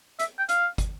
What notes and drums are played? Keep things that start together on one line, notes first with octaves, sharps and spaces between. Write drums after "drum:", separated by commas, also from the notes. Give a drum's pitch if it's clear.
E5, drum: hi-hat
G5
F5, drum: hi-hat
drum: kick, hi-hat